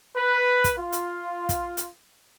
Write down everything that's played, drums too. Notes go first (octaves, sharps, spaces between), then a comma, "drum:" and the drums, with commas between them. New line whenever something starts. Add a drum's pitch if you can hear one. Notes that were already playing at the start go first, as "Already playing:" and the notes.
B4
drum: kick, hi-hat
F4
drum: hi-hat
drum: kick, hi-hat
drum: hi-hat